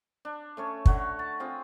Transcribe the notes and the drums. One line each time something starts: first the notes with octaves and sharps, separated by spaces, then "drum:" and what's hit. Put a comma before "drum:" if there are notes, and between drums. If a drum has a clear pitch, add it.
D4
A3 C#4 C#5
D3 F#4 C#5, drum: kick
A5
C4 F4 G#4